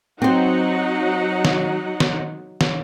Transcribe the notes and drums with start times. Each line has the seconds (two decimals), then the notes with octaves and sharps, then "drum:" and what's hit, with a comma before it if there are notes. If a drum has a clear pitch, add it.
0.22 F#3 C4 D#4 C5 F#5
1.45 drum: snare
2.00 drum: snare
2.61 drum: snare